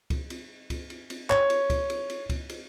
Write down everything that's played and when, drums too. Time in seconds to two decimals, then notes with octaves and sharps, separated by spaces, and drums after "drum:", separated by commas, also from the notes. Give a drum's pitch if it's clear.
0.10 drum: kick C#2, cymbal
0.30 drum: cymbal
0.70 drum: kick C#2, cymbal
0.90 drum: cymbal
1.10 drum: cymbal
1.30 C#5, drum: clap
1.50 drum: cymbal
1.70 drum: kick C#2, cymbal
1.90 drum: cymbal
2.10 drum: cymbal
2.30 drum: kick C#2, cymbal
2.49 drum: cymbal